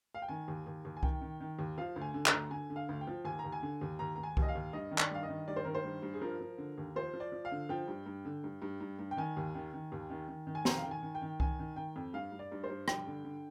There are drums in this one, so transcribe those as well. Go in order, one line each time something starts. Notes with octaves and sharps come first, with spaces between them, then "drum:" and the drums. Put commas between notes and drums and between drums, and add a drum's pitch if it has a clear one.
F5
G5
D#3 G#5
D#2
D#2
D#2
G#5
D#3 G5, drum: kick C2
D#3
D#3
D#2
F3 F5
D2
G#5
D3
A#5, drum: clap
D2
D3 G#5
D3
F5
D2
G5
F3
D#2 G#5
A#5
D#2
G#5
D3
D#2
D#2 A#5
D#2 A#5
G#5
D#2, drum: kick C2
D#5
F5
D#2
G2 D#5
D#3
D5, drum: clap
G2 F5
D#5
D#3
G2 D5
C5
D#3 A#4
C5
G2
G2
G#4
F3 A#4
F3
D3
D#2
F3 C5
F3
D5
F3
F5
D3
F3 G5
G2
G2
D3
G2
G2
G2
G2
G5
D#3 G#5
D#2
D#3
D#3
D#2
D#3
D#3
D#3
G#5
F2 A#5, drum: snare
F5
D#3 G5
G#5
D#3
G5
D#3
D#3 G#5, drum: kick C2
D#3
D#3 G5
F2
G2 F5
G2
D5
G2
C5
G2
G2 G5, drum: rim click
D3
D3